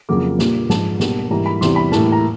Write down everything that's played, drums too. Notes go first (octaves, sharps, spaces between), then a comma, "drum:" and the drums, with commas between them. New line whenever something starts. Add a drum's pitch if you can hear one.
F2 C#3 F#3 A#3 D6
A#2 G3 A#3, drum: snare
G#2 F3 G#3 A5, drum: snare
B2 G3 A#3, drum: snare
G#2 E3 G3 A#3 A#5
B5
E2 C3 E3 G3 C6, drum: snare
B5
A2 E3 G3 A#3 A5, drum: snare
A#5